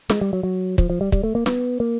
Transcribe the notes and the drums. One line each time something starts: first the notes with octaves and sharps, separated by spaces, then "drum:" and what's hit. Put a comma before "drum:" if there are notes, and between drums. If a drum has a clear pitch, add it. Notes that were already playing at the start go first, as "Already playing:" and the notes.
G#3, drum: snare
G3
F#3
F#3
F3, drum: kick C#1
F3
G3
G3, drum: kick C#1
A3
A#3
B3, drum: snare
A#3